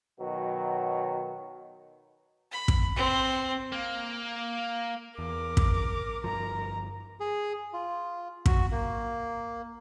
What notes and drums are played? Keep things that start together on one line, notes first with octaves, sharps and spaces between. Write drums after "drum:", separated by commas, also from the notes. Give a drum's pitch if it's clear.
B2 D#3 F#3
B5
drum: kick
C4
A#3
E2 A#4 D6
drum: kick
G1 G2 F3 A#5
G#4
F4
F#4, drum: kick
A#3